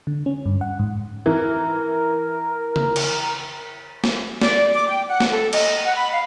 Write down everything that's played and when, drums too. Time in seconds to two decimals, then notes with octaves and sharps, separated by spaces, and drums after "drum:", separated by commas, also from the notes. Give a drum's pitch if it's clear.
0.07 D3
0.26 C#4
0.46 G2
0.61 F#5
0.79 G#2
1.26 E3 A#4
2.76 drum: tom C#3
2.96 drum: cymbal
4.04 drum: snare
4.42 D5, drum: snare
4.74 D6
4.88 G5
5.07 F#5
5.20 drum: snare
5.32 A4
5.53 D#5, drum: cymbal
5.85 F#5
5.97 B5
6.11 F5